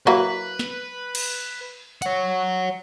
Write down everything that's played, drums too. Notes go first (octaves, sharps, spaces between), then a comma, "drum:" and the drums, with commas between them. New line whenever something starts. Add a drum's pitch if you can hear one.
F#3 A#3 E4 B4
drum: snare
drum: cymbal
C#5 F#5, drum: hi-hat